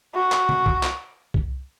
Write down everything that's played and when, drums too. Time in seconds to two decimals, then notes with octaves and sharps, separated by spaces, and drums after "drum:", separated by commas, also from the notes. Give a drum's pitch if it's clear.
0.15 F#4
0.32 drum: clap
0.49 drum: tom C3
0.66 drum: kick C2
0.83 drum: clap
1.34 drum: kick C2